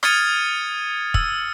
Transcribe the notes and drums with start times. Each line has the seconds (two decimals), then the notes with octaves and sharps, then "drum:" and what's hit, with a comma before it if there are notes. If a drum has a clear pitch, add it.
0.03 D#6 F6 G#6 A6 C#7 D#7, drum: rim click
1.14 E6, drum: kick